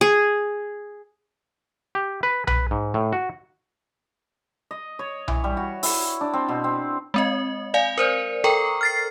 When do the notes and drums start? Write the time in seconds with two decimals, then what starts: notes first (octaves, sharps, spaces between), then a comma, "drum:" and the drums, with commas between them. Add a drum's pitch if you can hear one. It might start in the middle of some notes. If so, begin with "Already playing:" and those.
0.01 G#4
1.95 G4
2.23 B4
2.47 B4, drum: tom B1
2.71 G#2
2.94 A2
3.13 F#4
4.71 D#5
4.99 C#5
5.28 E3, drum: tom B1
5.44 G3
5.57 F#4
5.83 E4, drum: open hi-hat
6.21 D4
6.33 C4
6.48 B2
6.64 C4
7.14 G#3 C4 D#5
7.74 D5 F5 G#5
7.98 A#4 C5 D5
8.44 A4 A#4 G5 A#5 C#6
8.81 F6 A6 C7